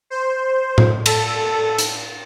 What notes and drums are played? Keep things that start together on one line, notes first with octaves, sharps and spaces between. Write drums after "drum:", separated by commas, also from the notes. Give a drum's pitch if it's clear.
C5
drum: tom A2
A4, drum: cymbal
drum: hi-hat